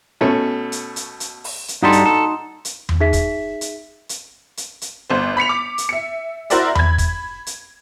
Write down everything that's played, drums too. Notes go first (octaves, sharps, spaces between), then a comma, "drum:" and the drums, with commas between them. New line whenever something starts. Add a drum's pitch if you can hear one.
B2 A3 C#4
drum: hi-hat
drum: hi-hat
drum: hi-hat
drum: open hi-hat
drum: hi-hat
G2 G3 D#4 F#4 A4 C6
drum: hi-hat
A4
drum: hi-hat
drum: tom E2
D#4 G#4 E5 B6
drum: kick, hi-hat
drum: hi-hat
drum: hi-hat
drum: hi-hat
drum: hi-hat
G1 C5
B5 B6 C#7 F7
D6
drum: hi-hat
E5 C#7
E4 F#4 A#4 C5 D5 E5, drum: hi-hat
B5 G#6, drum: tom E2
drum: kick, hi-hat
drum: hi-hat